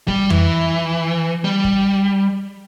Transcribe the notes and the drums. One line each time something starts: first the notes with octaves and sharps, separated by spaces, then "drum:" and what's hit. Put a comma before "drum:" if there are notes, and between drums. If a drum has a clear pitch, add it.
G3, drum: kick
E3, drum: tom F2
G3
drum: kick